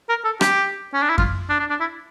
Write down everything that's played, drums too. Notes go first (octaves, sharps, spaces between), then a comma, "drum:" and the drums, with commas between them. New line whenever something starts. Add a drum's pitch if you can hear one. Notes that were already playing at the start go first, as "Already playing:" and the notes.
A#4
A4
G4, drum: rim click
C#4
D4
E4
F4, drum: kick F#2
D4
D4
D4
E4